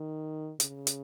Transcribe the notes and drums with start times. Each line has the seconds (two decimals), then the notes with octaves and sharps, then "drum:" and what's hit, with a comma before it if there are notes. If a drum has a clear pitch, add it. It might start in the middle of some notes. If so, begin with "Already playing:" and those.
Already playing: D#3
0.60 C#3, drum: hi-hat
0.87 drum: hi-hat